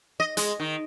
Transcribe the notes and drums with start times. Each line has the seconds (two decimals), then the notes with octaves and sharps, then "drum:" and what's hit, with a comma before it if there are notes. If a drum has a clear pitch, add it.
0.20 D#5
0.37 G#3, drum: hi-hat
0.60 D#3